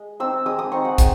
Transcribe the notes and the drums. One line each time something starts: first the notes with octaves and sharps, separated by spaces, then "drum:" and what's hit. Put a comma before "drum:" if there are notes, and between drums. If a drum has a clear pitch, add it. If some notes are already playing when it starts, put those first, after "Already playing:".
Already playing: G#3
C4 D#4 E6
G#3 D#6
D#6
C4 D#4 C#6
F#5
G#3 G#5, drum: kick, hi-hat